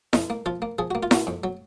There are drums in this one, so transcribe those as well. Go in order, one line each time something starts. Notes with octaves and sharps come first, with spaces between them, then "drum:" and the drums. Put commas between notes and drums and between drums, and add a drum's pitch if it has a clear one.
F2 D#4, drum: snare E4
A#3
F3 F4
A#3
F3 G#4
A#3 F#4
F4
A#3 F#4, drum: snare E4
F2
F#3